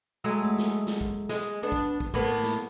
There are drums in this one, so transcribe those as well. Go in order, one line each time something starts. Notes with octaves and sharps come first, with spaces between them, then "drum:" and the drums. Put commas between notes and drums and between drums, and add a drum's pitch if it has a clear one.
F#3 G#3 A3
drum: tom
drum: snare
drum: snare
drum: kick
G#3, drum: snare
B3 D4
drum: kick
drum: kick
A2 A#3 B3, drum: kick
drum: snare